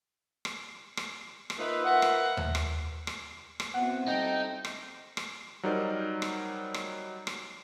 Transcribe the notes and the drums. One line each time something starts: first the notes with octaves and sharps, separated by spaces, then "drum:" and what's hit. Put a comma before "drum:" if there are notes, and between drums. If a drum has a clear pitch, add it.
drum: rim click
drum: rim click
drum: rim click
A#3 D#4 F4 B4 E5
A#4 B4 F#5
drum: rim click
drum: tom D#2
drum: rim click
drum: rim click
drum: rim click
B3 C4 E4 F#4 F#5
G3 D#4 A4 G5
drum: rim click
drum: rim click
F#3 G3 D#4 A#4 C5 D5
drum: rim click
drum: rim click
drum: rim click